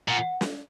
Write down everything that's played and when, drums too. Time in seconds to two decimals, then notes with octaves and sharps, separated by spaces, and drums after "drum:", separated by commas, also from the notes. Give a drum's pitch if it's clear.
0.09 A#2 F#5
0.41 drum: snare